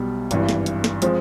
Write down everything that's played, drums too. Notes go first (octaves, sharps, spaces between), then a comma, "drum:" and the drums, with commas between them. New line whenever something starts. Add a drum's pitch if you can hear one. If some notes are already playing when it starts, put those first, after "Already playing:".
Already playing: B1 B2 G3
G#1 G2 E3, drum: hi-hat
drum: snare
drum: hi-hat
drum: snare
F3 G#3 C4, drum: hi-hat